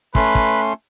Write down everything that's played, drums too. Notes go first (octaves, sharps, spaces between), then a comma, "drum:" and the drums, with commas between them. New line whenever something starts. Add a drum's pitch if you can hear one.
A3 C#4 B4 C6, drum: kick
drum: kick